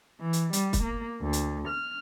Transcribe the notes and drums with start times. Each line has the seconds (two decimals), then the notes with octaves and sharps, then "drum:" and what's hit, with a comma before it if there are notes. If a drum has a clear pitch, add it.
0.20 E3
0.33 drum: hi-hat
0.53 G3, drum: hi-hat
0.73 drum: kick, hi-hat
0.83 A#3
1.21 D2
1.33 drum: hi-hat
1.68 F6